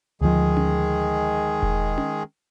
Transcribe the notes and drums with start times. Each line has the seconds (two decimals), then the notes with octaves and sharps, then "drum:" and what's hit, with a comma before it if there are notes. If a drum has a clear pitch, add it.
0.21 D2 D#3 F3 G#3 G#4
0.57 drum: tom C#4
1.62 drum: kick E1
1.98 drum: tom C#4